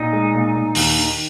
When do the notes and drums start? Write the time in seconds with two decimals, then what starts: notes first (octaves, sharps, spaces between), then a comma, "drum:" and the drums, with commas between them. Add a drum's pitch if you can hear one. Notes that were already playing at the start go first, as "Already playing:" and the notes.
Already playing: A#2 D#4
0.13 G#3
0.34 A#2
0.54 A#2
0.75 D#2, drum: open hi-hat
0.96 D#3